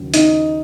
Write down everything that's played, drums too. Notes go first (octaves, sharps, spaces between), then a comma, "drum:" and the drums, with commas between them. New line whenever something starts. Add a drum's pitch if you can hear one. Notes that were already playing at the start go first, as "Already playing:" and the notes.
Already playing: D#2 C#3 F#3
D#4, drum: hi-hat